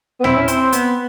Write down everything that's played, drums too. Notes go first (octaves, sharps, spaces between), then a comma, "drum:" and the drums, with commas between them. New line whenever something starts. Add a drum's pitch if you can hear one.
B3
C4 E4, drum: tom
C#4
C4 C5, drum: hi-hat
B3, drum: hi-hat